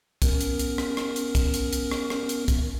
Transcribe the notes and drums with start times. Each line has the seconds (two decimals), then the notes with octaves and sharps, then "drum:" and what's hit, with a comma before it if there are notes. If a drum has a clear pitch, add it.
0.22 B3 C#4 A#4, drum: kick, hi-hat
0.41 drum: hi-hat
0.59 drum: hi-hat
0.78 drum: rim click
0.97 drum: rim click
1.16 drum: hi-hat
1.35 drum: kick, hi-hat
1.54 drum: hi-hat
1.73 drum: hi-hat
1.91 drum: rim click
2.10 drum: rim click
2.29 drum: hi-hat
2.48 drum: kick, hi-hat